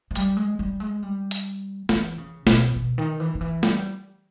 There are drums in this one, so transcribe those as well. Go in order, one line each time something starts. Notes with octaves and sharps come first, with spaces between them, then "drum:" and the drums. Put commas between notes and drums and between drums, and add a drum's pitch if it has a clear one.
E3
G3, drum: hi-hat
G#3
G3
G#3
G3
drum: hi-hat
E3, drum: snare
C#3
B2, drum: snare
B2
D#3
E3
D#3
E3
G3, drum: snare